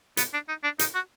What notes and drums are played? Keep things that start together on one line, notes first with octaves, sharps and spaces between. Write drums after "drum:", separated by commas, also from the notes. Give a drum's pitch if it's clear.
B3, drum: hi-hat
D4
D#4
D4
D#4, drum: hi-hat
F#4